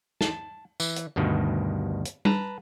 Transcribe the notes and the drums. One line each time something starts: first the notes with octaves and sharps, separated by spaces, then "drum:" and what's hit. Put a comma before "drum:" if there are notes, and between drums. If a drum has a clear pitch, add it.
A5, drum: snare
E3, drum: tambourine
drum: hi-hat
D2 G2 B2 D#3
drum: hi-hat
B4 A5 A#5, drum: tom G3